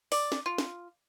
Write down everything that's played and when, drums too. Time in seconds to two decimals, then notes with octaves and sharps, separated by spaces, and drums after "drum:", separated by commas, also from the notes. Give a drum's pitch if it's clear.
0.12 D5, drum: open hi-hat
0.32 drum: snare
0.46 F4
0.58 drum: snare